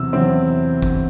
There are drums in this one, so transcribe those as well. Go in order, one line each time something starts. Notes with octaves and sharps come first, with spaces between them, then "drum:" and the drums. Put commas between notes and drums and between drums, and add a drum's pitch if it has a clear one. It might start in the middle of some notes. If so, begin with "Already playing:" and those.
Already playing: E2 C3 F#3 C4 E4 E6
E2 C3 F#3 C4 E4
drum: kick G1